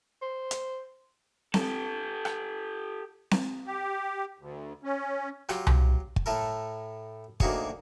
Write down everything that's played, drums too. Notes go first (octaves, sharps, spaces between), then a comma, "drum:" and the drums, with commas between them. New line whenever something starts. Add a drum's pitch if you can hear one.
C5
drum: hi-hat
G4 A4, drum: snare C4
drum: rim click
drum: snare C4
G4
D2
C#4
F#3 F4 G4, drum: rim click
drum: tom C2
drum: kick
A2 A3 A4 A#4
D2 D#3 A#3 F#4 G#4 C#5, drum: kick